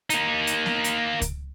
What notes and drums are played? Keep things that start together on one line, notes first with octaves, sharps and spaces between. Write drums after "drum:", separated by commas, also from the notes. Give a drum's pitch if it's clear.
A#3 D#4, drum: hi-hat
drum: hi-hat
drum: snare B3
drum: hi-hat
drum: kick C#2, hi-hat